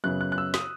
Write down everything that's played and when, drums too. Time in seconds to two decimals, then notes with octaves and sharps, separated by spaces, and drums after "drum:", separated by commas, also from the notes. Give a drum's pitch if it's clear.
0.04 F#2 C#3 F#3 B3 F#6
0.21 F#6
0.32 F#6
0.38 E6
0.54 D#6, drum: snare